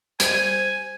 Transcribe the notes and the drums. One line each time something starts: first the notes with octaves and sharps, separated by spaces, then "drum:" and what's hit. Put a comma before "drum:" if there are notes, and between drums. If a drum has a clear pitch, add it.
G3 C5 G#5 G#6, drum: hi-hat